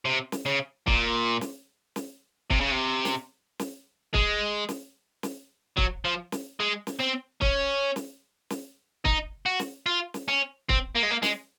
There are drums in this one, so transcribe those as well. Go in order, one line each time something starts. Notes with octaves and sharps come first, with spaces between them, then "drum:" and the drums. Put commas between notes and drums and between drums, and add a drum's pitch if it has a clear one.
C3
drum: snare
C#3
A#2, drum: kick
drum: snare
drum: snare
C3, drum: kick
C#3
C3
drum: snare
drum: snare
G#3, drum: kick
drum: snare
drum: snare
F#3, drum: kick
F3
drum: snare
G#3
drum: snare
C4
C#4, drum: kick
drum: snare
drum: snare
D#4, drum: kick
F#4
drum: snare
F4
drum: snare
C#4
C4, drum: kick
A#3
G#3
A#3
G#3, drum: snare